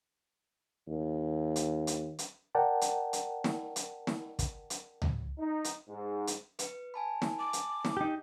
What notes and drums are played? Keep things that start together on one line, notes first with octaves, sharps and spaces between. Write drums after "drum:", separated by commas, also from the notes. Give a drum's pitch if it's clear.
D#2
drum: hi-hat
drum: hi-hat
drum: hi-hat
A#4 D5 F#5 G5 A5
drum: hi-hat
drum: hi-hat
drum: snare
drum: hi-hat
drum: snare
drum: kick, hi-hat
drum: hi-hat
drum: tom C#2
D#4
drum: hi-hat
G#2
drum: hi-hat
B4, drum: hi-hat
G#5 A5 B5
drum: snare
D6
drum: hi-hat
drum: snare
D#4 G4